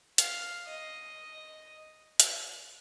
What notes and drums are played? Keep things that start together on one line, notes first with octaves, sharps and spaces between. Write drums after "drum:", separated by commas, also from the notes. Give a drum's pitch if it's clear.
F5, drum: hi-hat
D#5
drum: hi-hat